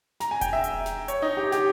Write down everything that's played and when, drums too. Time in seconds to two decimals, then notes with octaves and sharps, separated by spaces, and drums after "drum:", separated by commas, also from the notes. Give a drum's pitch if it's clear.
0.20 A#5, drum: snare
0.31 G#5
0.41 G5, drum: kick E1, hi-hat
0.53 E5
0.64 drum: hi-hat
0.86 drum: snare
1.08 C#5, drum: hi-hat
1.22 D#4
1.37 G4
1.52 G4, drum: snare